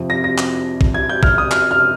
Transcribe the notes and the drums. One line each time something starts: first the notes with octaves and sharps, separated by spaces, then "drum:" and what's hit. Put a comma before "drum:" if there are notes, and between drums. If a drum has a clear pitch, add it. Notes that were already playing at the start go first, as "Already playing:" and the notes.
Already playing: F2 C3 F3
A#6
A#6
drum: clap
drum: kick
G#6
G6
F6, drum: kick
D#6
F6, drum: clap
F6